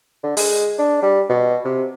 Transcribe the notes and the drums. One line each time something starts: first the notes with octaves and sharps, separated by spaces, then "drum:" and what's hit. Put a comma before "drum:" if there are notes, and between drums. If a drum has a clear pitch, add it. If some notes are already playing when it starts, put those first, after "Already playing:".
D3
G#3, drum: open hi-hat
D4
G3
B2
C3